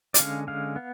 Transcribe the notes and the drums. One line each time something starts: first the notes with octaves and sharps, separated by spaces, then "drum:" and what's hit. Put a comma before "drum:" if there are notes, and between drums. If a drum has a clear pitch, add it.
D5, drum: hi-hat
D3 G#3 C#4 F5
D3 G#3 C#4 F5
B3